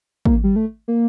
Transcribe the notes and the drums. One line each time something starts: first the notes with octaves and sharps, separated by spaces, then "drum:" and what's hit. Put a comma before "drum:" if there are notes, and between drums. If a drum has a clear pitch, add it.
A#3, drum: kick
G3
A3
A#3